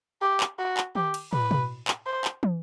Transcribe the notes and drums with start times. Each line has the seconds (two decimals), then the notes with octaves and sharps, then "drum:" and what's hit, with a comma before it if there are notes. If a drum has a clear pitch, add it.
0.21 G4
0.40 drum: clap
0.59 F#4
0.77 drum: clap
0.95 G4, drum: tom D#3
1.14 drum: cymbal
1.33 B4, drum: tom
1.51 drum: tom B2
1.88 drum: clap
2.06 C5
2.24 drum: clap
2.43 drum: tom